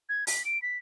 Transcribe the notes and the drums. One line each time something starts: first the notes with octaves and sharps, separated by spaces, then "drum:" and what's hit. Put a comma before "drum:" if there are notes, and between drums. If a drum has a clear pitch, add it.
G#6
B6, drum: open hi-hat
D7
B6